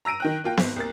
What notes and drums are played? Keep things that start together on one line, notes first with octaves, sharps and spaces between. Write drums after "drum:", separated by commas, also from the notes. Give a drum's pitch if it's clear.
A#5 E6 A#6 D7 D#7
D#3 G5 F#6
A#3 F4 G5
G#1, drum: snare B3
C2 A#3 A6